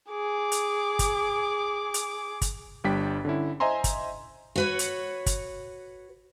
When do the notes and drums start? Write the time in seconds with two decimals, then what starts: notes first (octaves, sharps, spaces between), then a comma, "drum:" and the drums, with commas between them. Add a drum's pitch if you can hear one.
0.11 G#4 D6
0.52 drum: hi-hat
0.99 drum: kick, hi-hat
1.94 drum: hi-hat
2.42 drum: kick, hi-hat
2.84 G1 G3 D4 G5 B6
3.25 D3 C#4 E4
3.60 C5 D#5 E5 G#5 A#5 C6
3.84 drum: kick, hi-hat
4.56 F#4 B4 C#5
4.79 drum: hi-hat
5.26 drum: kick, hi-hat